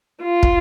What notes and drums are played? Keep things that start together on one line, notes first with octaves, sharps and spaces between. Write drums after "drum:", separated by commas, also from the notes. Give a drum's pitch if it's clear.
F4
drum: kick